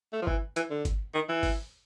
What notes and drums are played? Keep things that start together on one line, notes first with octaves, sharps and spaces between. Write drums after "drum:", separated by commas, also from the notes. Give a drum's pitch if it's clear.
A3
F3
E3, drum: kick G1
E3, drum: hi-hat
D3
drum: kick G1, hi-hat
D#3
E3
drum: kick G1, open hi-hat